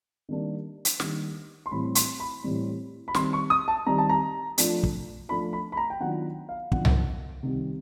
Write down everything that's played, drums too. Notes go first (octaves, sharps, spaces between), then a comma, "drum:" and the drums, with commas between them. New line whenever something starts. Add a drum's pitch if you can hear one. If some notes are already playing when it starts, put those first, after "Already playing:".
D#3 G3 A#3 D4
drum: hi-hat
D#3 G3 A#3 D4, drum: snare
C6
A2 E3 G3 C4 B5
C6, drum: hi-hat
B5
A2 E3 G3 C4
B5
D#3 G3 C4 C6, drum: snare
C#6
D#6
A5
D#3 G3 C4 A#5
A5
A#5
F3 A3 D4 F4, drum: hi-hat
drum: kick
F3 A3 D4 F4 B5
B5
B5
A#5
G5
D#3 F#3 B3 D4 F4 F#5
F5
D#3 F#3 B3 D4 F4 F#5, drum: kick
drum: tom C2
C3 D#3 G3